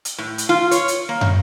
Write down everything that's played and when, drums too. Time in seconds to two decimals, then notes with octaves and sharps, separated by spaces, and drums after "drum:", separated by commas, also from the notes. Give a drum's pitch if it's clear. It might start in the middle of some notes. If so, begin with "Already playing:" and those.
0.05 drum: hi-hat
0.18 A2
0.38 drum: hi-hat
0.49 F4
0.71 C#5, drum: hi-hat
0.88 drum: hi-hat
1.09 A#3
1.21 drum: tom